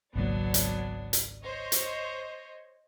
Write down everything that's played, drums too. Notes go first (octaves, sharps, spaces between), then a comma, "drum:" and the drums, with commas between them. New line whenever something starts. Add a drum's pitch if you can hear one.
G#1 C#2 F#3 A#3 B3 D4
drum: hi-hat
drum: hi-hat
C5 C#5 D#5
drum: hi-hat